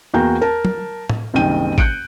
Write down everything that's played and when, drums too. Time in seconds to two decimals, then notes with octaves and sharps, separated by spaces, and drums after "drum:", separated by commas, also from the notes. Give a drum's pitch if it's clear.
0.14 E2 A#3 F#4 G5 A#5 G6
0.41 A#4 A5
0.65 drum: tom
1.10 drum: tom A2
1.34 F#1 C2 D#3 G5 D#7
1.78 F#6 G6 C#7 D7, drum: kick